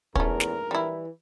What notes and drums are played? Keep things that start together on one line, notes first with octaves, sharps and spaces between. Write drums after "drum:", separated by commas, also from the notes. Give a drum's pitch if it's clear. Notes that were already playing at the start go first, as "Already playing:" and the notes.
A#1 E2 G#2 A3 C#4 A#4, drum: kick
drum: snare
E3 G3 E4